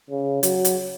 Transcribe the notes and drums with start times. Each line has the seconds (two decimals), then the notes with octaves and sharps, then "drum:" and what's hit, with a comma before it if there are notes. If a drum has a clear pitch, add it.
0.10 C#3
0.43 F#3, drum: hi-hat
0.65 drum: hi-hat